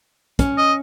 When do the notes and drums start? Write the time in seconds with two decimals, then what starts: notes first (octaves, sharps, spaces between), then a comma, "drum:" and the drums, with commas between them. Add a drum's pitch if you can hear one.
0.39 C#4, drum: kick, hi-hat
0.58 D#5